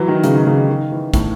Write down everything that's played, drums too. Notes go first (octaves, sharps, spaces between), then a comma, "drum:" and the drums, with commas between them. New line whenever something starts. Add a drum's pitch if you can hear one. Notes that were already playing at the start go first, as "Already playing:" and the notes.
Already playing: E3 F#3
D#3
C#3, drum: hi-hat
D#3
C#3
D#3
D#3
E3
A2, drum: kick, hi-hat